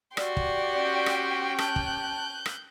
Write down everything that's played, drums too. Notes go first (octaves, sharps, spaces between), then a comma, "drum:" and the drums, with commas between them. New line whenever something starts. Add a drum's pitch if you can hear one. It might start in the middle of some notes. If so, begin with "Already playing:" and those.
F#4 G4 D5 C6, drum: rim click
drum: kick
C#4 G5
drum: rim click
A5 F#6 G6, drum: rim click
drum: kick
drum: rim click